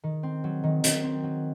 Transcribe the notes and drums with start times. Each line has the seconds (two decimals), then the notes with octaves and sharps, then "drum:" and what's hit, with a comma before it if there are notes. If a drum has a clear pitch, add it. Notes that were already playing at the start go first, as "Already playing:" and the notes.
0.04 D#3
0.23 C4
0.44 F#3
0.64 D#3
0.84 D#3, drum: hi-hat
1.03 C4
1.23 F#3